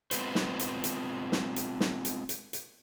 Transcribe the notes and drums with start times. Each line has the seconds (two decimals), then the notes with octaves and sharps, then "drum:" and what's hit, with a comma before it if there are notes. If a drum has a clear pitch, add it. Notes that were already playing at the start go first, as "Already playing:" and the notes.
0.11 G#3 B3 C4 F4 B4 C5, drum: hi-hat
0.35 drum: snare
0.59 drum: hi-hat
0.84 drum: hi-hat
1.32 drum: snare
1.56 drum: hi-hat
1.80 drum: snare
2.05 drum: hi-hat
2.29 drum: hi-hat
2.53 drum: hi-hat